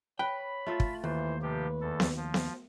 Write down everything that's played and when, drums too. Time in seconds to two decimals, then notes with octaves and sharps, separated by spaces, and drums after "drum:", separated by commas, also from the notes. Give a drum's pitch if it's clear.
0.19 B4 C#5 G5 B5
0.67 A3 F4 E5
0.80 drum: kick
1.04 D#2 E3 C5
1.42 C3 F3 G4 B4
1.81 E2 A4
2.00 drum: snare B3
2.17 F3
2.34 drum: snare B3